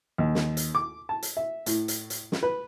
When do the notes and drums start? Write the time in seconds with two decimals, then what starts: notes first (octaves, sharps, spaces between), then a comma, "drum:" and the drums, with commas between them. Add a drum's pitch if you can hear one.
0.18 D#2
0.35 drum: snare
0.57 drum: hi-hat
0.75 D6
1.09 A5
1.23 drum: hi-hat
1.37 E5
1.66 A2, drum: hi-hat
1.88 drum: hi-hat
2.10 drum: hi-hat
2.32 drum: snare
2.43 B4